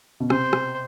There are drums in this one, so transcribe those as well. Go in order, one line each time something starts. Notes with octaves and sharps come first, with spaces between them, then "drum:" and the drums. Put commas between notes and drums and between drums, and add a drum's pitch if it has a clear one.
B2
C3 C5, drum: rim click
drum: rim click